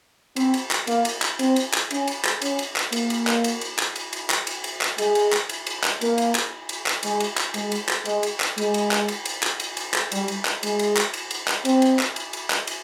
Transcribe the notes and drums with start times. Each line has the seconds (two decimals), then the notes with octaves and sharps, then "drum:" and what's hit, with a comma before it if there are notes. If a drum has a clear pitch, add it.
0.36 C4, drum: cymbal
0.54 drum: cymbal
0.71 drum: clap
0.87 A#3, drum: cymbal
1.05 drum: cymbal
1.22 drum: clap
1.39 C4, drum: cymbal
1.56 drum: cymbal
1.73 drum: clap
1.91 C#4, drum: cymbal
2.08 drum: cymbal
2.25 drum: clap
2.42 C#4, drum: cymbal
2.59 drum: cymbal
2.76 drum: clap
2.92 A#3, drum: cymbal
3.10 drum: cymbal
3.27 drum: clap
3.44 drum: cymbal
3.61 drum: cymbal
3.78 drum: clap
3.96 drum: cymbal
4.13 drum: cymbal
4.30 drum: clap
4.47 drum: cymbal
4.64 drum: cymbal
4.81 drum: clap
4.98 G#3, drum: cymbal
5.15 drum: cymbal
5.32 drum: clap
5.49 drum: cymbal
5.67 drum: cymbal
5.84 drum: clap
6.01 A#3, drum: cymbal
6.18 drum: cymbal
6.35 drum: clap
6.69 drum: cymbal
6.86 drum: clap
7.03 G#3, drum: cymbal
7.20 drum: cymbal
7.37 drum: clap
7.54 G#3, drum: cymbal
7.72 drum: cymbal
7.89 drum: clap
8.05 G#3, drum: cymbal
8.23 drum: cymbal
8.40 drum: clap
8.58 G#3, drum: cymbal
8.74 drum: cymbal
8.91 drum: clap
9.08 drum: cymbal
9.25 drum: cymbal
9.43 drum: clap
9.60 drum: cymbal
9.77 drum: cymbal
9.94 drum: clap
10.12 G3, drum: cymbal
10.28 drum: cymbal
10.45 drum: clap
10.63 G#3, drum: cymbal
10.79 drum: cymbal
10.96 drum: clap
11.14 drum: cymbal
11.31 drum: cymbal
11.48 drum: clap
11.65 C4, drum: cymbal
11.82 drum: cymbal
11.99 drum: clap
12.16 drum: cymbal
12.33 drum: cymbal
12.50 drum: clap
12.67 drum: cymbal